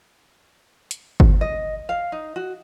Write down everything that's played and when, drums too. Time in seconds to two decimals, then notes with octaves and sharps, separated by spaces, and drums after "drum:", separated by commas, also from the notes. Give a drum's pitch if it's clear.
0.91 drum: hi-hat
1.20 drum: kick G1
1.41 D#5
1.89 F5
2.12 D#4
2.36 F#4